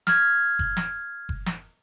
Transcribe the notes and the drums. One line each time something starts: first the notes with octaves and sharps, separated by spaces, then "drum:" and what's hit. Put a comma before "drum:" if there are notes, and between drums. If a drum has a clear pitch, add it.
F6 G#6, drum: snare
drum: kick F#1
drum: snare
drum: kick F#1
drum: snare